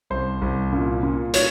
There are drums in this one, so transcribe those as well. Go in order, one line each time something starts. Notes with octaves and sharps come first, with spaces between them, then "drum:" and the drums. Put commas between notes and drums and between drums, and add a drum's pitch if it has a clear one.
C2 C5
C2
A#2
A#2
C#5, drum: hi-hat